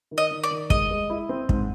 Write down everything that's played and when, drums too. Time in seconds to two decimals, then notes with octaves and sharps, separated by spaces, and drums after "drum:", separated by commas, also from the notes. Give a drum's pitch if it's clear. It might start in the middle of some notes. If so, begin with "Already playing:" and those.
0.11 D#3
0.18 D#5
0.31 D#3
0.44 D5
0.51 D#3
0.70 G#3 D#5, drum: kick
0.91 G#3
1.10 E4
1.29 C4
1.49 G#2, drum: kick